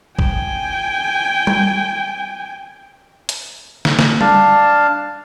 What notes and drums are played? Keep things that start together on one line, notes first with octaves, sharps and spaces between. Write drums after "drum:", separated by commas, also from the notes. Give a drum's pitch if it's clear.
G5 G#5, drum: kick
drum: tom G3
drum: hi-hat
drum: snare
drum: snare
D4 F5 A5, drum: tom G3